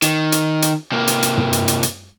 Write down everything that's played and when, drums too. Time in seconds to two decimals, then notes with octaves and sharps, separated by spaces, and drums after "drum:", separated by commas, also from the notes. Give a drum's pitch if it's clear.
0.02 D#3, drum: hi-hat
0.32 drum: hi-hat
0.62 drum: hi-hat
0.92 C3 A#3
1.07 drum: hi-hat
1.23 drum: hi-hat
1.38 drum: tom
1.53 drum: hi-hat
1.68 drum: hi-hat
1.83 drum: hi-hat